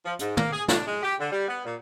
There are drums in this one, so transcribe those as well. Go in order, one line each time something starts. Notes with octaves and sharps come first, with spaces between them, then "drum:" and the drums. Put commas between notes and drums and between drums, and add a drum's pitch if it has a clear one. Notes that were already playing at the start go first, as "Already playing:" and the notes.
F3
G#2, drum: hi-hat
A#3, drum: tom
G#4
D4, drum: snare
G#3
G4
D3
G3
B3
A#2